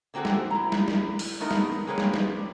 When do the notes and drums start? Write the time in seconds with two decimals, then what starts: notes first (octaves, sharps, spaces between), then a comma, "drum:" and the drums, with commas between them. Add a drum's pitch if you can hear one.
0.14 D3 A#3 C4 F#4 G#4 A4
0.25 drum: snare
0.51 E4 A#5
0.72 drum: snare
0.88 drum: snare
1.19 drum: open hi-hat
1.40 A3 B3 D#4 A#4
1.51 drum: snare
1.87 G#3 A#3 C4 G#4 B4 C#5
1.98 drum: snare
2.14 D5, drum: snare